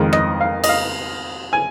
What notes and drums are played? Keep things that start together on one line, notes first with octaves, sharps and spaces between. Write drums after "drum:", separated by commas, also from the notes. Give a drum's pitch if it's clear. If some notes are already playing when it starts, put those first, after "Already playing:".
Already playing: F2 D#3 G#3 A#4
D#5, drum: rim click
F5
D#5, drum: cymbal
F5
G#5